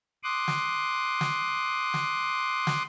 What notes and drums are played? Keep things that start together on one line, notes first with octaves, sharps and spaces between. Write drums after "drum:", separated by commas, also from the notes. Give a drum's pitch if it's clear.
C6 D6 D#6 F#6
drum: snare
drum: snare
drum: snare
drum: snare